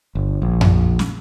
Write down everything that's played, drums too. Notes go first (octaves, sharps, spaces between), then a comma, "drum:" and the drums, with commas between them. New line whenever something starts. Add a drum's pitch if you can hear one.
G1
A#1
drum: tom F2
drum: snare